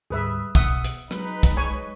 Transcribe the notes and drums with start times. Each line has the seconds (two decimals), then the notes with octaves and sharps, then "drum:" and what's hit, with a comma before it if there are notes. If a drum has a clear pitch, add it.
0.10 D2 G#2 G3 G#4 B4 E5
0.55 B2 E5 F#5 D#6, drum: kick
0.84 drum: hi-hat
1.11 F#3 G#3 D#4 B4, drum: rim click
1.43 drum: kick, hi-hat
1.57 C#5 G#5